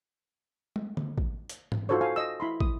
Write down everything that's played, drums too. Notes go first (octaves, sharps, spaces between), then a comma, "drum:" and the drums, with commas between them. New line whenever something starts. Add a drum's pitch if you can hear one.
drum: tom
drum: tom D3
drum: kick
drum: hi-hat
drum: tom G#2
D#4 F4 F#4 A4 C5 C#5
A4 C5 F5 G#5
D#5 E6
E4 B5 C6
D#6, drum: kick